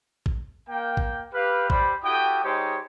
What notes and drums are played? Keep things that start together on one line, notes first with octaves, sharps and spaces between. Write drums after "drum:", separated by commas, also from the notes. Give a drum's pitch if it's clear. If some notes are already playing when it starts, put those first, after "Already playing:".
drum: kick A1
A#3 G5
drum: kick A1
G4 B4 F5
G3 C5 B5, drum: kick A1
E4 F#4 G4 A4 G5 D#6
G3 D#4 G4 G#4 C5 C#5